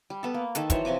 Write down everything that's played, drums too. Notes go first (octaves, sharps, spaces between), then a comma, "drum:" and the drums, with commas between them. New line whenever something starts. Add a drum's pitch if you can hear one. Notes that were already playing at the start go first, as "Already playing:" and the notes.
G3
B3 A4
A#3
D#3 A4 B4, drum: hi-hat
E3 F#3 C5 C#5, drum: kick, hi-hat
C3 F3 G#5 D6